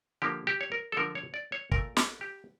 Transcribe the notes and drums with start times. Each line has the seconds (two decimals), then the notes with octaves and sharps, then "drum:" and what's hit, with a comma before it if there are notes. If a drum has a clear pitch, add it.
0.22 D3 F3 A#3 G4
0.47 G4
0.61 C#5
0.72 A#4
0.92 A4
0.97 D3 F3 A3 A#4
1.15 C#5
1.34 D5
1.52 C#5
1.72 A#2 A3 A#4, drum: kick
1.97 A4, drum: snare
2.21 G4